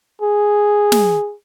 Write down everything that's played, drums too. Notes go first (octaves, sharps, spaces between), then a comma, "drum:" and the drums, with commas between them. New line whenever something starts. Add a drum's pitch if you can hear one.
G#4
drum: snare